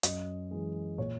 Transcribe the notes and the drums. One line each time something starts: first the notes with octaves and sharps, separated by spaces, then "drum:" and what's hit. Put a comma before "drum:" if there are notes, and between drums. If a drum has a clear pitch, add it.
F#2 D#5, drum: hi-hat
E3 G#3
A#2 C#5